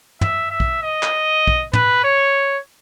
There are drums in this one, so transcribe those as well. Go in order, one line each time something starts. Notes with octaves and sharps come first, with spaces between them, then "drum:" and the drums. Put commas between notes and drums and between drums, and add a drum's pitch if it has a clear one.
E5, drum: tom
E5
drum: kick
D#5
drum: clap
drum: kick
B4, drum: tom
C#5